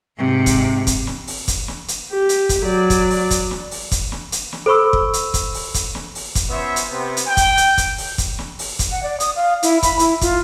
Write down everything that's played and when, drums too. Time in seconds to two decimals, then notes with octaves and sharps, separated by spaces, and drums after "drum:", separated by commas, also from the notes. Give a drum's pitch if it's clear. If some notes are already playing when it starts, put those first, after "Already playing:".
0.18 G#2 C3
0.46 drum: kick, hi-hat
0.87 drum: kick, hi-hat
1.07 drum: snare
1.27 drum: open hi-hat
1.48 drum: kick, hi-hat
1.68 drum: snare
1.88 drum: hi-hat
2.12 G4
2.29 drum: hi-hat
2.49 drum: kick, hi-hat
2.63 F#3 D5
2.90 drum: kick, hi-hat
3.10 drum: open hi-hat
3.31 drum: kick, hi-hat
3.51 drum: snare
3.71 drum: open hi-hat
3.92 drum: kick, hi-hat
4.12 drum: snare
4.32 drum: hi-hat
4.52 drum: snare
4.66 A4 C5 B5 C#6 E6
4.93 drum: kick
5.13 drum: hi-hat
5.34 drum: kick, hi-hat
5.54 drum: open hi-hat
5.74 drum: kick, hi-hat
5.95 drum: snare
6.15 drum: open hi-hat
6.35 drum: kick, hi-hat
6.50 B3 C#4 F4 C5 C#5 E5
6.76 drum: hi-hat
6.90 C3 B3 C4
7.17 drum: hi-hat
7.27 G5
7.37 drum: kick, hi-hat
7.57 drum: hi-hat
7.78 drum: kick, hi-hat
7.98 drum: open hi-hat
8.18 drum: kick, hi-hat
8.39 drum: snare
8.59 drum: open hi-hat
8.79 drum: kick, hi-hat
8.92 F#5
9.03 D5
9.20 D#6, drum: hi-hat
9.36 F5
9.63 E4, drum: hi-hat
9.83 B5, drum: kick, hi-hat
9.99 E4, drum: hi-hat
10.21 F4, drum: kick, hi-hat